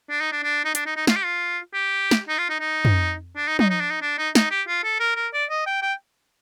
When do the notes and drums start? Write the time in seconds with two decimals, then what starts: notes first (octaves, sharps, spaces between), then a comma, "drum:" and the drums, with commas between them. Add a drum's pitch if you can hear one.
0.10 D4
0.20 D#4
0.32 D4
0.43 D4
0.65 D#4
0.75 D4, drum: hi-hat
0.86 D#4
0.96 D#4
1.07 F4, drum: snare
1.16 G4
1.25 F4
1.74 G4
2.11 drum: snare
2.28 D#4
2.38 F4
2.49 D#4
2.60 D#4
2.85 drum: tom
3.36 D4
3.48 D#4
3.59 D#4, drum: tom
3.70 D#4
3.81 D4
3.91 D#4
4.02 D4
4.18 D#4
4.35 D#4, drum: snare
4.51 G4
4.68 F4
4.84 A4
5.00 A#4
5.16 A#4
5.33 D5
5.50 D#5
5.66 G5
5.82 G5